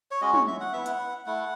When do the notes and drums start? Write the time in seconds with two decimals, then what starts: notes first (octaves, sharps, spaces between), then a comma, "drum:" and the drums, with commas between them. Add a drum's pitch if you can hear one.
0.11 C#5
0.21 G#3 C#4 F#4 D#5
0.34 C#5, drum: tom
0.47 E5
0.60 F#5
0.73 B3 E4 E5
0.86 F#5, drum: hi-hat
1.26 A3 E4 F#5